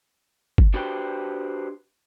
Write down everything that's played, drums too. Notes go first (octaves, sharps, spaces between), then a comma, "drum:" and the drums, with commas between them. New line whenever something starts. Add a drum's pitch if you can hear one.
drum: kick G1
D4 F#4 G4 B4 C5 G5